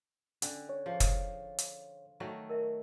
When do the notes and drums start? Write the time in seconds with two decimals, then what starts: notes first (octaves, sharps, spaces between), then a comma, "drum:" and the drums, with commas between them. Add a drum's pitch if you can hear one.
0.42 D3 C#4 D4, drum: hi-hat
0.69 C#5
0.86 F3 G#4
1.00 drum: kick, hi-hat
1.58 drum: hi-hat
2.20 D#3 F#3 A3
2.50 A#4 D#5 E5